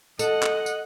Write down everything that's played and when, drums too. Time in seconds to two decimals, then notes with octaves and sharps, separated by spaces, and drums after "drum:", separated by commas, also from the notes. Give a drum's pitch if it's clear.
0.19 A4 D#5 F#5, drum: tambourine
0.43 drum: clap
0.66 drum: tambourine